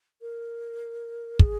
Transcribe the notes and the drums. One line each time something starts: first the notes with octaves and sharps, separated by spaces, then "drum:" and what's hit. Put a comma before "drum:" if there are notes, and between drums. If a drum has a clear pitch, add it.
A#4
G#4, drum: kick